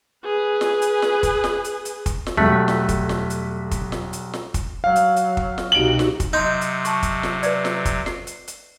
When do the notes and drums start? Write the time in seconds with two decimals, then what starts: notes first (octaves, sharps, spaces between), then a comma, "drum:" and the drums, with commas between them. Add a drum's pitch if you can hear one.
0.24 G#4 B4
0.61 drum: snare
0.82 drum: hi-hat
1.02 drum: snare
1.23 drum: kick, hi-hat
1.44 drum: snare
1.64 drum: hi-hat
1.85 drum: hi-hat
2.06 drum: kick, hi-hat
2.26 drum: snare
2.37 B1 E2 G3 A3 F#6 B6
2.68 drum: snare
2.89 drum: kick, hi-hat
3.09 drum: snare
3.30 drum: hi-hat
3.71 drum: kick, hi-hat
3.92 drum: snare
4.13 drum: hi-hat
4.34 drum: snare
4.54 drum: kick, hi-hat
4.84 F#3 F5
4.96 drum: hi-hat
5.16 drum: hi-hat
5.37 drum: kick
5.58 drum: snare
5.72 C2 B2 D#4 F#4 G4 D7 F#7
5.99 drum: snare
6.20 drum: kick, hi-hat
6.33 C3 F#3 D#4 C6 G6
6.61 drum: hi-hat
6.85 A5 C#6, drum: hi-hat
7.03 drum: kick, hi-hat
7.23 drum: snare
7.43 B4 D5, drum: hi-hat
7.65 drum: snare
7.85 drum: kick, hi-hat
8.06 C7, drum: snare
8.27 drum: hi-hat
8.48 drum: hi-hat